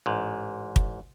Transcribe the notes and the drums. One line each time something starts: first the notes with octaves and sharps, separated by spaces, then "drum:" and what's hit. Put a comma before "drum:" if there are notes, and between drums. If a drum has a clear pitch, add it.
A1 G#2
drum: kick